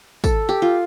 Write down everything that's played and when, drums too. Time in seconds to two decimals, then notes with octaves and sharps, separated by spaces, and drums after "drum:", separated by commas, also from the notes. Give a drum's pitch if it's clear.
0.24 A4, drum: kick, tambourine
0.49 G4
0.62 F4